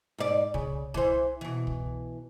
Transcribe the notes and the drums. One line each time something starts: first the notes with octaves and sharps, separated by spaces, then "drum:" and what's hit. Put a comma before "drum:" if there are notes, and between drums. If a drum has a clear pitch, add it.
G#2 D5
C#3, drum: kick
E3 C5, drum: kick
B2 E3
drum: kick